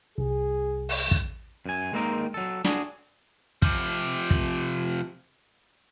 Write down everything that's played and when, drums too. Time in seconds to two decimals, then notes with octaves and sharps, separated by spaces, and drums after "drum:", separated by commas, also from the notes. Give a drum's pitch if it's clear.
0.18 C2 G#4
0.89 drum: open hi-hat
1.11 drum: kick
1.66 F#2 G#5
1.93 G#3 A#3 C4 D#4 A#4
2.34 F#3 A4
2.64 D4 F#4 G#4, drum: snare
3.62 C3 F3, drum: kick
4.30 drum: kick